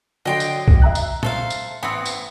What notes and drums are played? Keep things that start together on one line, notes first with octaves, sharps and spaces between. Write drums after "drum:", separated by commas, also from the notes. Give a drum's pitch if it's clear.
D3 F#3 D#5 G5 C6
drum: tambourine
drum: kick B1
E5 A#5 F#6
drum: tambourine
A4 C5 F5, drum: tom A#2
drum: tambourine
A1 B3 C4 C#7
drum: tambourine